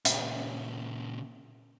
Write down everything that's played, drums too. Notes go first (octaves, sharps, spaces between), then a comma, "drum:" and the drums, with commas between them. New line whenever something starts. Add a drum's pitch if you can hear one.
A#2 C#3, drum: hi-hat